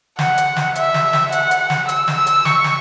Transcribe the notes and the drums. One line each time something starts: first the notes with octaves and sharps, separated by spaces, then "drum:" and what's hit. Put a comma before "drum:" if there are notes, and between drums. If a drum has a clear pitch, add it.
F#5, drum: snare
drum: hi-hat
drum: snare
E5, drum: hi-hat
drum: snare
drum: snare
F#5, drum: hi-hat
drum: hi-hat
drum: snare
E6, drum: hi-hat
drum: snare
E6
drum: hi-hat
C#6, drum: snare
drum: snare